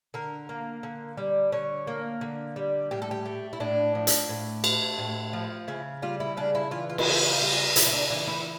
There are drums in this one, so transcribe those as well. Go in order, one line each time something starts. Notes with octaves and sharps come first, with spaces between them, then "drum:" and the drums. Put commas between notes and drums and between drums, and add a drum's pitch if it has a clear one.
D3 A#4
A#3
D3
G3
D3 C#5
A#3
D3
G3
A2 G4
A4
G4
A3
E4
A2 D4
F3
drum: hi-hat
A2
A3, drum: cymbal
A2
F3
C#3 E4
G3 F4
E4
C#3 D4
E4
E3 F4
F4
E4, drum: cymbal
C#3 F4
G3
C#3 E4, drum: hi-hat
E4
D4
E3 D4
E4